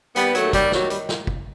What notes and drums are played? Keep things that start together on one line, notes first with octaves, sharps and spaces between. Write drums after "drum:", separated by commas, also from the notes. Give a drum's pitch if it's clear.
D#2 G3 B3, drum: hi-hat
F#3 A3, drum: hi-hat
D#2
G3, drum: kick, hi-hat
D#3
F#3, drum: snare
G3, drum: hi-hat
drum: snare
drum: kick